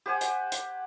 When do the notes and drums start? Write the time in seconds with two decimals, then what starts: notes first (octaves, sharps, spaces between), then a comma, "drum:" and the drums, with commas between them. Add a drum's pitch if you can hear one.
0.06 G4 C5 F#5 G#5
0.21 drum: hi-hat
0.52 drum: hi-hat